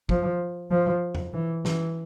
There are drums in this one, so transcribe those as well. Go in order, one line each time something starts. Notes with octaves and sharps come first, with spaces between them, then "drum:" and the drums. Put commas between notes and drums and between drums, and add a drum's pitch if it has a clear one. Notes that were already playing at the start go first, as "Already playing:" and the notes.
F3, drum: kick
F3
drum: tom E2
E3
E3, drum: snare